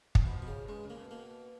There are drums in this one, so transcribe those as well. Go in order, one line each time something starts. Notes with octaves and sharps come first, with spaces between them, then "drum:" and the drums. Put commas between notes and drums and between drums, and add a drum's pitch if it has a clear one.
D#3, drum: kick
B2 F3
B2
C#3
B2
C#3 G#3
C#3
A#3
B2
A#3